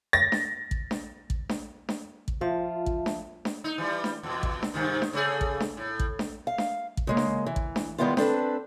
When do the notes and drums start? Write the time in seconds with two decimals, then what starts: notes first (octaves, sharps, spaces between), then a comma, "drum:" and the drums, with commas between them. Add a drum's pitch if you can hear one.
0.13 A6 A#6
0.32 drum: snare D4
0.71 drum: kick
0.91 drum: snare D4
1.30 drum: kick
1.49 drum: snare D4
1.89 drum: snare D4
2.28 drum: kick
2.41 F3 F4 E5 A5
2.86 drum: kick
3.06 drum: snare D4
3.45 drum: snare D4
3.64 D#4
3.78 E3 G3
4.04 drum: snare D4
4.23 E2 B2
4.43 drum: kick
4.63 drum: snare D4
4.74 G2 C3 D#3
5.02 drum: snare D4
5.13 C#3 A3 G#4
5.41 drum: kick
5.60 drum: snare D4
5.77 A2
6.00 drum: kick
6.19 drum: snare D4
6.47 F5
6.58 drum: snare D4
6.97 drum: kick
7.07 C#3 G#3 A#3
7.17 drum: snare D4
7.46 E3
7.56 drum: kick
7.76 drum: snare D4
7.98 D#3 G3 G#3 B3 E4 F4
8.17 C4 D4 A4 B4, drum: snare D4